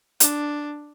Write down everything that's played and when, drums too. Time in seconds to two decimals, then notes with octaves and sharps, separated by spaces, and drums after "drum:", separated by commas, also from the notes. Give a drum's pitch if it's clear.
0.20 D4, drum: hi-hat